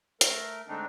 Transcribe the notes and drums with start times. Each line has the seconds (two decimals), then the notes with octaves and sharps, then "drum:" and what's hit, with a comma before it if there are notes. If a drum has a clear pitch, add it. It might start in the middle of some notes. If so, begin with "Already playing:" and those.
0.21 A3 A#4, drum: hi-hat
0.68 D3 G#3 A3 C4 D4 D#4